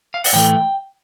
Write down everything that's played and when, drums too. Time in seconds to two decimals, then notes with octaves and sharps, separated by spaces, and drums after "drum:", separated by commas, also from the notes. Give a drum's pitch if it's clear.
0.14 F5
0.24 F#5, drum: open hi-hat
0.33 A2 E3 A3 G5